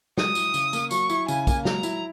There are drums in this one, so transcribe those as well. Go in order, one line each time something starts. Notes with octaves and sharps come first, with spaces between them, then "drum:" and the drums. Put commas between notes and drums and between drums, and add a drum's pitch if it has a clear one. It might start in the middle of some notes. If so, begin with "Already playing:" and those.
F#3 D#6, drum: snare
E4, drum: tambourine
C#3, drum: tambourine
A#3, drum: tambourine
F#3 C#6, drum: tambourine
E4, drum: tambourine
C#3 G#5, drum: tambourine
A#3, drum: kick, tambourine
F#3 A#5, drum: snare
E4, drum: tambourine